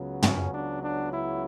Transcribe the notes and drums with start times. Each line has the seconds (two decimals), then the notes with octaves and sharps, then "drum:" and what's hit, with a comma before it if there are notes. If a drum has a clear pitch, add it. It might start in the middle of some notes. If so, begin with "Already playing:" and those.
Already playing: C#2 C#3 F#3 B3
0.23 C#4, drum: tom
0.52 D4
0.82 D4
1.11 E4